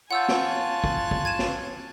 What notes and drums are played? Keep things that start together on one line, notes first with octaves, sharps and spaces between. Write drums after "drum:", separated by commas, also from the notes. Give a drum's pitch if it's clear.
F4 C#5 F#5 G#5 A5 E6 F#6 G6
drum: snare
drum: kick
drum: kick
G#6 D#7 E7
drum: snare